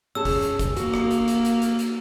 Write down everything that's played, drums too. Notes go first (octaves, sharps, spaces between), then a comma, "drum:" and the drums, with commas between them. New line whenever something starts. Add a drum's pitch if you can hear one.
C#4 G#4 A5 E6
drum: kick G1, open hi-hat
drum: hi-hat
drum: kick G1, hi-hat
A#3 F#4, drum: hi-hat
drum: rim click
drum: hi-hat
drum: hi-hat
drum: hi-hat
drum: hi-hat
drum: hi-hat